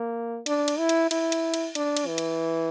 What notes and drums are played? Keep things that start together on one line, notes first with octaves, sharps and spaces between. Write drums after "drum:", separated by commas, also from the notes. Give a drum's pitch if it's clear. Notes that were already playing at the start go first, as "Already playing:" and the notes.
Already playing: A#3
D4, drum: cymbal
drum: cymbal
E4
drum: cymbal
E4, drum: cymbal
drum: cymbal
drum: cymbal
D4, drum: cymbal
drum: cymbal
E3
drum: cymbal